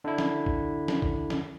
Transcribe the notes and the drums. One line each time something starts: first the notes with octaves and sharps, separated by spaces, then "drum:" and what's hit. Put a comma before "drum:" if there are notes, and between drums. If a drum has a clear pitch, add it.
D3 E4
drum: snare
drum: kick
drum: snare
drum: kick
drum: snare